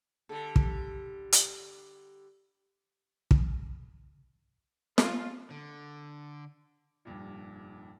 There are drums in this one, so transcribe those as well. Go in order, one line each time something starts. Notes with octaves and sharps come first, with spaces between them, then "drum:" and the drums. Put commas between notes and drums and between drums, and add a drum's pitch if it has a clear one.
D3 G3 A4
drum: kick
drum: hi-hat
drum: kick
F4, drum: snare
D3
F1 G2 A#2